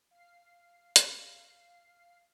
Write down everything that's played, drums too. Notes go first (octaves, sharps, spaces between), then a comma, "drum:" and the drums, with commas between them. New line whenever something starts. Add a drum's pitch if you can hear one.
F5 C7
drum: hi-hat